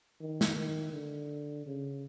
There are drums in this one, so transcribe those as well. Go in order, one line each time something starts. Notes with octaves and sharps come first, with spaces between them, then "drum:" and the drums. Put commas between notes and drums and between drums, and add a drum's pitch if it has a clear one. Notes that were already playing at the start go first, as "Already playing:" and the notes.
D#3
drum: snare
D#3
D3
C#3